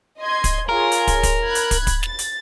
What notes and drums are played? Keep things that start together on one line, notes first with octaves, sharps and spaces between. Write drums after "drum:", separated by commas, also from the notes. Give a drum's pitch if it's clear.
D#5 C6 G#6
drum: kick, hi-hat
F4 G#4 A#4 C#5
drum: hi-hat
drum: kick, hi-hat
drum: kick, hi-hat
B5 F#6 G#6
drum: hi-hat
drum: kick, hi-hat
drum: kick, hi-hat
A6, drum: snare
drum: hi-hat